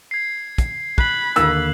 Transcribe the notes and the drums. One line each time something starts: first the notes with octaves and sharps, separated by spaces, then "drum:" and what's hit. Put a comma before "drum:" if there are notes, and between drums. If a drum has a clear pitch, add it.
G#6 C7
drum: kick, hi-hat
B5 F#6 F#7, drum: kick
D#2 D3 A#3 E6, drum: hi-hat